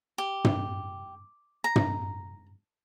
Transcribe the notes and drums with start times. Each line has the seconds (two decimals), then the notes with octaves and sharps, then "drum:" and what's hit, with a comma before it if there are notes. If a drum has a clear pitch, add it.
0.18 G4
0.45 drum: tom
1.64 A#5
1.76 drum: tom